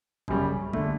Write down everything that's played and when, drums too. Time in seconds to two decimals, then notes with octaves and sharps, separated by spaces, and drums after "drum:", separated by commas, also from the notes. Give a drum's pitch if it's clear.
0.28 F#2 C#3 G3 C#4, drum: kick
0.73 D3 A3, drum: kick